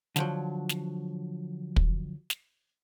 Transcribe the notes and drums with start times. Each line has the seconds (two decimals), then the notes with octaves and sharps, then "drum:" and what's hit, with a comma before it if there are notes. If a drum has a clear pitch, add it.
0.16 D3 F3 F#3, drum: snare
0.69 drum: snare
1.76 drum: kick
2.30 drum: snare